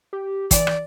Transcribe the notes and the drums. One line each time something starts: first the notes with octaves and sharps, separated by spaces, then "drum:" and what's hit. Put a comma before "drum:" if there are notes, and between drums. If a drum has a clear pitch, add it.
G4
E3 D5, drum: kick, hi-hat
drum: rim click